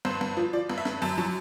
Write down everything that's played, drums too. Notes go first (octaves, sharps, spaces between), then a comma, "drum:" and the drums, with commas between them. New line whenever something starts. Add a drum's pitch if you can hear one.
G2 C5
G2
F3
F3 D5
G2
E5
G2, drum: snare
F#2 A5, drum: open hi-hat
F#3 A5, drum: tom